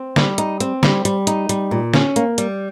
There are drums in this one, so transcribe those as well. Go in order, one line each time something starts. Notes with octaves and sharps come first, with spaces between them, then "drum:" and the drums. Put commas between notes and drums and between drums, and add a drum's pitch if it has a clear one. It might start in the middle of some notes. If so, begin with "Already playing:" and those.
Already playing: C4
G3, drum: snare
D#4, drum: hi-hat
C4, drum: hi-hat
G3, drum: snare
G3, drum: hi-hat
D#4, drum: hi-hat
G3, drum: hi-hat
A#2
C#4, drum: snare
A#3, drum: hi-hat
G3, drum: hi-hat